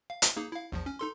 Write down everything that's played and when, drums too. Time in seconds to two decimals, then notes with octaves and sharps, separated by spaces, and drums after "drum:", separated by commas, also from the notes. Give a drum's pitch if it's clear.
0.10 F5
0.22 drum: hi-hat
0.36 A#3 D#4 G#4
0.52 E4 F5
0.72 A#1 E2 F3
0.86 C#4
0.99 D#4 A4 C6